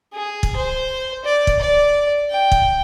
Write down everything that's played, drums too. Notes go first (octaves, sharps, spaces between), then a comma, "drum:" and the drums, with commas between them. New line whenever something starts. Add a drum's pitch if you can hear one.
G#4
drum: kick
C5
D5
drum: kick
D5
G5
drum: kick